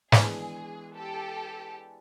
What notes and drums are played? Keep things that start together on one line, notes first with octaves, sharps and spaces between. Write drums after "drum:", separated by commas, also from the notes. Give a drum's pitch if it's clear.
E3 G#3 B3 D4 G#4, drum: snare
G4 A4